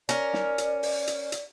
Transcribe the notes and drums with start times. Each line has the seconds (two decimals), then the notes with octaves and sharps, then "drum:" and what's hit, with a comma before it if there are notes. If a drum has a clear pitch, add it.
0.09 C#4 A#4 D5, drum: hi-hat
0.33 drum: snare
0.58 drum: hi-hat
0.83 drum: open hi-hat
1.07 drum: hi-hat
1.32 drum: hi-hat